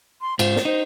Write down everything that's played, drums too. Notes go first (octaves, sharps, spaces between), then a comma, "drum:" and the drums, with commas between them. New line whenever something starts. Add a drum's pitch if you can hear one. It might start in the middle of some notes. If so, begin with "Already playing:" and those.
C6
G#2 F4 C5, drum: cymbal
drum: snare
D#4 C5